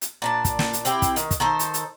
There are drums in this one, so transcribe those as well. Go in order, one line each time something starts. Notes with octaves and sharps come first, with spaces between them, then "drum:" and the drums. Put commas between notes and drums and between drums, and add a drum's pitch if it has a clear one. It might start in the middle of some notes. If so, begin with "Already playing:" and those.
drum: hi-hat
A#2 D4 A5
drum: kick, hi-hat
drum: snare
drum: hi-hat
C4 E4 G4, drum: hi-hat
drum: kick, hi-hat
D#3, drum: hi-hat
drum: kick, hi-hat
D#3 A4 C5
drum: hi-hat
drum: hi-hat